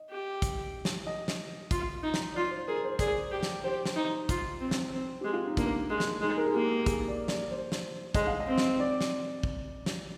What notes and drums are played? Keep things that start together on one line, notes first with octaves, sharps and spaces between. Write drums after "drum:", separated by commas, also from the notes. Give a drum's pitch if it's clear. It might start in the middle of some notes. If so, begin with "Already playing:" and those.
Already playing: D#5
G4
drum: kick, hi-hat
drum: snare
D#5
drum: snare
F4, drum: kick, hi-hat
D#4
drum: snare
F4 D5
C5
G#4 A#4
C5
G#4 D5, drum: kick, hi-hat
G4
drum: snare
G4 C5
drum: snare
D#4
F4, drum: kick, hi-hat
C4
drum: snare
C4
G#3 G4
F4
D#4
A#3 D4, drum: kick, hi-hat
G#3
drum: snare
G#3 D#4
A#4
G#4
A#3 G4
G#4, drum: kick, hi-hat
D5
D5, drum: snare
C5
drum: snare
G#3 D#5, drum: kick, hi-hat
F5
D#5
C4
drum: snare
D5
drum: snare
drum: kick
drum: snare